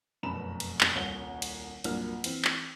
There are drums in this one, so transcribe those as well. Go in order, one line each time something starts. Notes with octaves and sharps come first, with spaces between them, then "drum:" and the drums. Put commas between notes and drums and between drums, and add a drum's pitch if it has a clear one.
F1 F#2 B2 A#5 B5 E7
drum: cymbal
drum: clap
D#1 C2 C#5 G7
drum: cymbal
C2 G2 A#2 F#3 A#3 F6, drum: cymbal
E3 C4, drum: cymbal
drum: clap